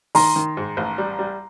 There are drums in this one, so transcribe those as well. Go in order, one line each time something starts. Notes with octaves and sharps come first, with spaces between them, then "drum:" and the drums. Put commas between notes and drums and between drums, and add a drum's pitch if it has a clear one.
D#3 A#5 C6, drum: open hi-hat
D#3
G#2
A1
G3
G3